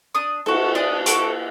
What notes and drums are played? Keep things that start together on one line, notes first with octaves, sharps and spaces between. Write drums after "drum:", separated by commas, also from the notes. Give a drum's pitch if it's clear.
D4 D#6
F#4 A4, drum: cymbal
D4 D#6
F#4 A4 D6, drum: hi-hat